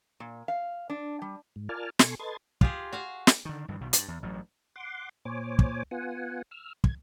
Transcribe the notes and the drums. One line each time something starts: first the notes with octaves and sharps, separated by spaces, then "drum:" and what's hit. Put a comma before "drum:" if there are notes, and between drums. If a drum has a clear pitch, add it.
A#2
F5
D4
G3
G#2
F4 A#4 D5 G#5 A5 F6
B2 A4 G#5 C6 C#6, drum: snare
A4 B4 D#5 C6 G#6 A6
F4 G4 G#4, drum: kick
F#4 F5 F#5
drum: snare
D3 D#3
G2 D#3 E3
B1 B2 D#3
G2, drum: hi-hat
E2
A1 G2 F#3
F#5 C6 D6
A#2 C5 C#5 G#5 D6
drum: kick
B3 F4 F#5 G#5
E6 F6
G#6, drum: kick